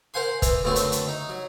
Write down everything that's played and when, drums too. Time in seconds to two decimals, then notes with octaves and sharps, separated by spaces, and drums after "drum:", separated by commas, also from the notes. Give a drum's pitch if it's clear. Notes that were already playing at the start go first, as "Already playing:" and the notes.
0.14 A#4 C5 F#5 G#5 C6
0.42 E3, drum: kick, hi-hat
0.64 F#2 D3 A3 B3 C4 F#4
0.76 drum: hi-hat
0.92 drum: hi-hat
1.08 D#4
1.29 F#3